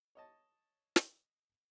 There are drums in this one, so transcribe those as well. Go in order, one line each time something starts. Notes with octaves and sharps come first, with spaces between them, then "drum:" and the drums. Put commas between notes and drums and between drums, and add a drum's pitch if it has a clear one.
C#5 D#5 A5
drum: snare